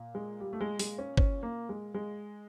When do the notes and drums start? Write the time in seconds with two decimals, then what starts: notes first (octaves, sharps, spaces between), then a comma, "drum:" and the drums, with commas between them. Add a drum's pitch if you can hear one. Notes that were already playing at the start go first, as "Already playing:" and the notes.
Already playing: A#2
0.15 G#3
0.40 G3
0.53 A3
0.61 G#3
0.79 G#3, drum: open hi-hat
0.98 C#4
1.17 C#4, drum: kick
1.43 A#3
1.69 G#3
1.94 G#3